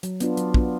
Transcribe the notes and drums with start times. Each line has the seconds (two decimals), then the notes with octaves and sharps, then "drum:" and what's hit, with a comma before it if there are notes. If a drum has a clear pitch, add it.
0.03 F#3, drum: hi-hat
0.20 B3 D4 F4, drum: hi-hat
0.37 F#3, drum: hi-hat
0.54 B3 D4 F4, drum: kick